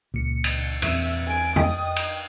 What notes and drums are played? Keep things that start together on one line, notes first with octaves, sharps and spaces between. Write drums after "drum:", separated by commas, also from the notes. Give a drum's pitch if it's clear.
C#2 A#2 C#7
drum: cymbal
E2 A3 C4 E5, drum: cymbal
G#5 D7
D#5 G5 D#6, drum: tom F2
drum: cymbal